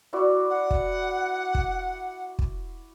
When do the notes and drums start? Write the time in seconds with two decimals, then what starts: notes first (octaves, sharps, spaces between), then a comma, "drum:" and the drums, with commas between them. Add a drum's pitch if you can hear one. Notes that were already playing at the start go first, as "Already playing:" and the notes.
0.13 E4 F#4 D5
0.50 F#5
0.71 drum: kick
1.55 drum: kick
2.39 drum: kick